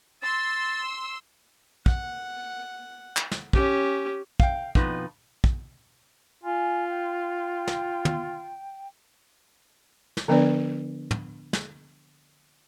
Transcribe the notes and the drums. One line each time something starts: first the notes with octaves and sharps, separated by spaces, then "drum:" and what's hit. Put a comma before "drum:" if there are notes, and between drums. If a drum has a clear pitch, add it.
C6 E6 A6
F#5, drum: kick
drum: clap
drum: snare
C#4 G4, drum: kick
F5 G5, drum: kick
F2 B2 F3 D#4 B4, drum: kick
drum: kick
F4 G#5
G5
drum: snare
drum: tom
drum: snare
D3 F3 B3 D4 B4 D5
drum: tom
drum: snare